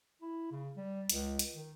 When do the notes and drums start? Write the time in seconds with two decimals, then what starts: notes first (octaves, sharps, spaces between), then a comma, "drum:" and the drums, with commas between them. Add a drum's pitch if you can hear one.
0.22 E4
0.51 C#3
0.77 G3
1.10 C#2, drum: hi-hat
1.39 drum: hi-hat
1.53 D#3